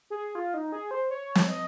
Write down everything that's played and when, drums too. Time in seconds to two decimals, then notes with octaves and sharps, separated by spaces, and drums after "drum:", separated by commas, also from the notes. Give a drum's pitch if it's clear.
0.10 G#4
0.35 F4
0.54 D#4
0.72 G#4
0.91 C5
1.10 C#5
1.35 drum: snare
1.48 D#5